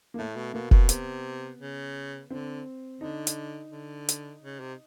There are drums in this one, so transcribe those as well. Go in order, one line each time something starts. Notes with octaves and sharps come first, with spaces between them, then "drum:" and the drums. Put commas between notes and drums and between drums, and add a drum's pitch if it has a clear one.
A#3
A2 A3
B2
B2 A#3
B2, drum: kick F1
C3 B3, drum: hi-hat
C#3
D3 C4
D3 D#4
drum: hi-hat
D3
drum: hi-hat
C#3
C3